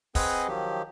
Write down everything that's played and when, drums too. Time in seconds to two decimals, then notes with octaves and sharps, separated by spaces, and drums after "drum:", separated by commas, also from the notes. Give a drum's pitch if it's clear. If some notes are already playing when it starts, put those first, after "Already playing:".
0.15 C4 G#4 B4 D#5 F#5 G#5, drum: kick, open hi-hat
0.48 D#3 F3 F#3 G4